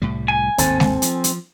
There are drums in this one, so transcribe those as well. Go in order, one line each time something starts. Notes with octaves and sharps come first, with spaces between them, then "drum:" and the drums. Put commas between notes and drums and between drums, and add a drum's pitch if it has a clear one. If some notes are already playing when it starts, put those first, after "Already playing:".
C2 A2 G3
G#5
G#1 D#2 A2 C4 A4, drum: hi-hat
drum: snare
F3, drum: hi-hat
drum: hi-hat